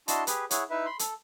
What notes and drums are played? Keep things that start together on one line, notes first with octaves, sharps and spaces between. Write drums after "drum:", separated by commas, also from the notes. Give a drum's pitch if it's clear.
D4 E4 F#4 D#5 A5 C6, drum: hi-hat
G4 G#4 B4, drum: hi-hat
E4 G#4 C#5 F#5, drum: hi-hat
D#4 E4 B4 E5
B5 C6
A4, drum: hi-hat